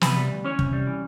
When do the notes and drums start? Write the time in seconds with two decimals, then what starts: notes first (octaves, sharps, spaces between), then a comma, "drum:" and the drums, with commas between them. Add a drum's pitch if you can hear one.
0.01 C3 B3 B4, drum: snare
0.16 G3
0.31 D2
0.45 E3 C#4 C#5
0.59 C3, drum: kick
0.73 G3
0.87 E3